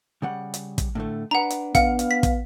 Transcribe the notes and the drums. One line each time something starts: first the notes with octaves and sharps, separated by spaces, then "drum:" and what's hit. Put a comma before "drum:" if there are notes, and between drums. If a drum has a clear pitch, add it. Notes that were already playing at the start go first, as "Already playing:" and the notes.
C#3 G3 F#5
drum: hi-hat
drum: kick, hi-hat
A2 D3 A3
D4 B4 F#5 A#5
drum: hi-hat
B3 F5 F#5, drum: kick, hi-hat
drum: hi-hat
B6
drum: kick, hi-hat